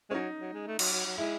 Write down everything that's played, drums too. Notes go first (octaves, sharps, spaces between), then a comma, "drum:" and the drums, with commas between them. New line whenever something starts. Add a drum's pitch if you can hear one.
G#3 C#4
F#3 D#4
F#3
G#3
A3
F#3, drum: cymbal
F#3
F#3
G#3 E4